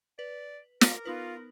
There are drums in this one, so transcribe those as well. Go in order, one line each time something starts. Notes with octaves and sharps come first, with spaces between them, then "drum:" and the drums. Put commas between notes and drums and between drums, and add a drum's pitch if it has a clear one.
B4 D5
A#4 A#5 D6 F6, drum: snare
B3 D#4 F4 B4